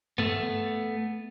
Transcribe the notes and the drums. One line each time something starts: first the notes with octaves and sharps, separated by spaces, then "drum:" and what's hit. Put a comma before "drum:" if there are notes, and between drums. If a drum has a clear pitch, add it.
A3 B3, drum: tom G2